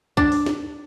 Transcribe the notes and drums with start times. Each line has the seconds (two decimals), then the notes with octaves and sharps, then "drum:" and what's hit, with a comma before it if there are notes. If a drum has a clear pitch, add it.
0.17 D4, drum: kick C2
0.32 drum: open hi-hat
0.46 drum: snare